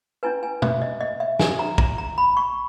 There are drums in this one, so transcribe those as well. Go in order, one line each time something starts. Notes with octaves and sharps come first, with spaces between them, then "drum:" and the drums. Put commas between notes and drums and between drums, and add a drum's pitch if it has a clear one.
C#4 E4 B4 G#5
G#5
E5, drum: tom
D#5
D#5
E5
G#5, drum: snare
A#5
A#5, drum: kick B1
A#5
B5
C#6